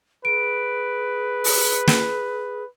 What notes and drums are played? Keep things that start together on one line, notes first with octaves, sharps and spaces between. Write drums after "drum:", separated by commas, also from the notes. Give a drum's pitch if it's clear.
G#4 B4 D7
drum: open hi-hat
drum: snare